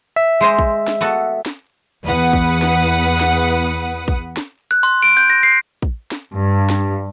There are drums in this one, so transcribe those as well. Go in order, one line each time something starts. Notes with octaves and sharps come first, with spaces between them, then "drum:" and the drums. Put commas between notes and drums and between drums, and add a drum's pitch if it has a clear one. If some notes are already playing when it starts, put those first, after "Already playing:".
E5
G#3 C5 D#5
drum: kick
drum: snare
B3 F#4 A4
drum: snare
E2 B4 F#5 D#6
drum: kick
drum: snare
drum: snare
drum: kick
drum: snare
F#6
C6
D7
G6
A#6
C7
drum: kick
drum: snare
G2
drum: snare